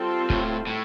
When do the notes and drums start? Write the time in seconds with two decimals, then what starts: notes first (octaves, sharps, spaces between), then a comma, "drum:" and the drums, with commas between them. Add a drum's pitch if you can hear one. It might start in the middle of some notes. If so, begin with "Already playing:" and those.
Already playing: G3 C4 F4 A4 C5
0.30 A2, drum: kick
0.67 A2